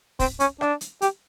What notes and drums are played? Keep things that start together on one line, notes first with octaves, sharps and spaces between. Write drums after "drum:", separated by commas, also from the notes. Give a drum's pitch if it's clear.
C4, drum: kick, open hi-hat
C#4, drum: hi-hat
D4, drum: rim click
drum: hi-hat
G4, drum: hi-hat